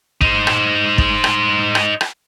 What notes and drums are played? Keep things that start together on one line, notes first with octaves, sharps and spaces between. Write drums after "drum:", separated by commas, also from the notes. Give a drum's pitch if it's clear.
D#4 C5, drum: kick
drum: rim click
drum: kick
drum: rim click
drum: rim click
drum: rim click